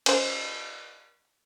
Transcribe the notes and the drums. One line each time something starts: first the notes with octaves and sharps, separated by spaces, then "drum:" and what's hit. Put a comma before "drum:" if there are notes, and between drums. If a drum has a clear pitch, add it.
C#4 C5, drum: cymbal